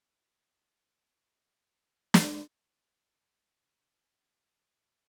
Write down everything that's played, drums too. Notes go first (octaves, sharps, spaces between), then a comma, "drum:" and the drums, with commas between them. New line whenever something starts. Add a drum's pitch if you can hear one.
E4 G4
A#3 D#4
drum: snare
G#2 A3 C#5 D5